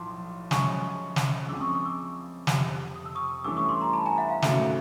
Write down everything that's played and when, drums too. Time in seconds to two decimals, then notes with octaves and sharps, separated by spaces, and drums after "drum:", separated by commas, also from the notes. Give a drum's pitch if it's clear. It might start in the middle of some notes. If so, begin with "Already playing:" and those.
Already playing: B1 A2 F3 C6 D6
0.51 F#2 C#3 F3 G#3 C#4 C#6 D#6, drum: snare
1.16 drum: snare
1.48 C#2 C#3 F3 G#3 C4 D6 E6
1.61 C#6 D#6
1.73 C#6 D#6
1.85 D6 E6
2.47 F1 F2 C3, drum: snare
2.96 D#6
3.06 E6
3.15 C#6 D#6
3.44 G2 E3 A3 C#4 E4 D6 E6
3.57 C#6 D#6
3.69 C6 D6
3.81 A#5 C6
3.93 A5 B5
4.06 G#5 A#5
4.18 E5 F#5
4.30 F5
4.42 G#1 F#2 C#3 F#3 A3 E5, drum: snare